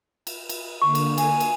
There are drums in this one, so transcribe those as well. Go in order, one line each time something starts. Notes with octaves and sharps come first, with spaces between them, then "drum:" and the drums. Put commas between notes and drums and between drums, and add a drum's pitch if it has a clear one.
drum: cymbal
drum: cymbal
D3 A#3 C#6
drum: cymbal
G#5, drum: cymbal
drum: cymbal